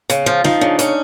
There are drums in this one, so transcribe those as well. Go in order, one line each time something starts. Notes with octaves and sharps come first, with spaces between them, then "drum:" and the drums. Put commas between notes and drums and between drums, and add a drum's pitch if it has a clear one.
C#3, drum: hi-hat
F3
F3 D#4, drum: snare
C#3 D4
C#4, drum: hi-hat